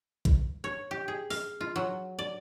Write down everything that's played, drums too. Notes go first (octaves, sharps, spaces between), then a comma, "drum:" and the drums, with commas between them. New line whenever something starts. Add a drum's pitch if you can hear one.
drum: kick A#1, hi-hat
C#5
G4
G#4
F5, drum: open hi-hat
F4
F#3
D5